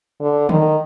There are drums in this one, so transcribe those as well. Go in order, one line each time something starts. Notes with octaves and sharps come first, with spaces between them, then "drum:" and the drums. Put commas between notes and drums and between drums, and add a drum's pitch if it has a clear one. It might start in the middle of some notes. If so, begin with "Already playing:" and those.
D3
D#3, drum: tom D3